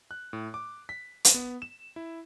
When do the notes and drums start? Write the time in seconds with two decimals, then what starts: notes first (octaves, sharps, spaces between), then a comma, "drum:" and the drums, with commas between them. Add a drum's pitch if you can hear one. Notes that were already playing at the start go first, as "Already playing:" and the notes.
0.11 F#6
0.33 A2
0.54 D6
0.89 B6
1.25 drum: hi-hat
1.34 B3
1.62 E7
1.96 E4